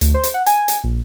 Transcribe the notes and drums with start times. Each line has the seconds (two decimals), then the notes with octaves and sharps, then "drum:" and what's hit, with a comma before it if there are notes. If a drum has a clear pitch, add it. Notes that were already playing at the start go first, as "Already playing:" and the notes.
0.01 D2, drum: hi-hat
0.14 C5
0.23 drum: hi-hat
0.34 F#5
0.46 G#5, drum: hi-hat
0.68 drum: hi-hat
0.84 A#1